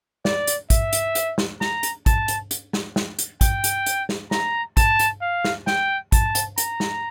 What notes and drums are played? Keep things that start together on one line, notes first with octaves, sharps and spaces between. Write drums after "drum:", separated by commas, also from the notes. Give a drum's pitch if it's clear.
D5, drum: snare
drum: hi-hat
E5, drum: kick, hi-hat
drum: hi-hat
drum: hi-hat
drum: snare
A#5, drum: snare
drum: hi-hat
A5, drum: kick, hi-hat
drum: hi-hat
drum: hi-hat
drum: snare
drum: snare
drum: hi-hat
G5, drum: kick, hi-hat
drum: hi-hat
drum: hi-hat
drum: snare
A#5, drum: snare
A5, drum: kick, hi-hat
drum: hi-hat
F5
drum: snare
G5, drum: snare
A5, drum: kick, hi-hat
drum: hi-hat
A#5, drum: hi-hat
drum: snare